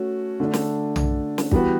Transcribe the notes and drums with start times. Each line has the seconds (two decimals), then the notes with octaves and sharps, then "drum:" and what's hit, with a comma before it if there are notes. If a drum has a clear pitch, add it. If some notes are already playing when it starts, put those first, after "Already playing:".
Already playing: A3 C#4 F#4
0.40 D3 A3 D4
0.53 drum: snare
0.96 drum: tom B1
1.38 drum: snare
1.51 E3 G3 B3 F#4 B4, drum: kick